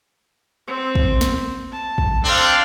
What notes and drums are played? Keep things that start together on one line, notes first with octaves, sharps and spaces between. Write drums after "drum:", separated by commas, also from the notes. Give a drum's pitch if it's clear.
C4
drum: kick
drum: snare
A5
drum: kick
C4 D4 A4 F5